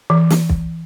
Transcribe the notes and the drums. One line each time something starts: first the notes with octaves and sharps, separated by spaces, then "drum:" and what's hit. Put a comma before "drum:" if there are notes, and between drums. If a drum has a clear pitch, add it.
E3
drum: snare
drum: kick